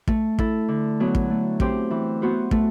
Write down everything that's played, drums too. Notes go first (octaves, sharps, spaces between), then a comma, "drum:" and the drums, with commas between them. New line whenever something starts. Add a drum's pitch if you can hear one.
A3, drum: kick
E4 A4, drum: kick
D3
F#3 B3
drum: kick
A3
C4 G4 C5, drum: kick
E3
B3 F#4 C5
A3, drum: kick